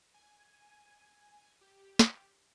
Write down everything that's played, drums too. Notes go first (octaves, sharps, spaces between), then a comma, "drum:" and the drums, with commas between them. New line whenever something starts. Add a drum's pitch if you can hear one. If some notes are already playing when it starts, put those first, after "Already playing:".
G#5
G4
drum: snare